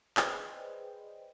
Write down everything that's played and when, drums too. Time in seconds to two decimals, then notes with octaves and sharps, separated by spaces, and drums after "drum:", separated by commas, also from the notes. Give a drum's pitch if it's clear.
0.17 G#4 B4 C5 D5 D#5 G5, drum: clap